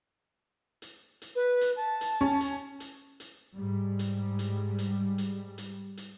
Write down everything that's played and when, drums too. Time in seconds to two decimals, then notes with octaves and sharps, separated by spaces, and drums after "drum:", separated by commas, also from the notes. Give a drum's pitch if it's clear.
0.82 drum: hi-hat
1.22 drum: hi-hat
1.35 B4
1.61 drum: hi-hat
1.75 A5
2.01 drum: hi-hat
2.21 C#4
2.41 drum: hi-hat
2.80 drum: hi-hat
3.20 drum: hi-hat
3.55 G#2 G3
3.99 drum: hi-hat
4.39 drum: hi-hat
4.78 drum: hi-hat
5.18 drum: hi-hat
5.58 drum: hi-hat
5.97 drum: hi-hat